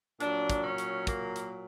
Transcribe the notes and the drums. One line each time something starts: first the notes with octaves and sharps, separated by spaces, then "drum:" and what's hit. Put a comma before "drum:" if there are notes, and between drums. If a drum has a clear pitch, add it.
A#2 F#3 D4, drum: hi-hat
drum: kick, hi-hat
C#4
drum: hi-hat
A#3, drum: kick, hi-hat
drum: hi-hat